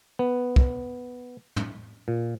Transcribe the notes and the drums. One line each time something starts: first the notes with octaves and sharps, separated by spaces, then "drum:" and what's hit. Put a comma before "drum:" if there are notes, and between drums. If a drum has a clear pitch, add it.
B3
drum: kick
drum: tom
A#2